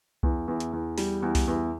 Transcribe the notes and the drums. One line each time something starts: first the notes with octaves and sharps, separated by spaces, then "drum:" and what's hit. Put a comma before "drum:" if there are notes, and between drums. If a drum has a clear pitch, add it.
E2, drum: kick C2
E2
drum: hi-hat
E2
G3, drum: open hi-hat
E2
drum: kick C2, open hi-hat
E2